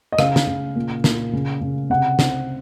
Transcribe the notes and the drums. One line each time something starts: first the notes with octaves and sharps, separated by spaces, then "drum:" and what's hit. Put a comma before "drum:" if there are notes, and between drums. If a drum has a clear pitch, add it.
D#5
C#3 F5, drum: rim click
drum: snare
C#3
A#2
A#2, drum: snare
C#3
C#3
C3 F#5
C4, drum: snare